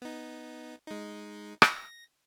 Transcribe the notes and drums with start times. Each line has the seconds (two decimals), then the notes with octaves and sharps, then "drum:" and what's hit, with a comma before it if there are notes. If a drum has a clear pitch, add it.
0.02 B3 D#4
0.87 G#3 D#4
1.62 A#6, drum: rim click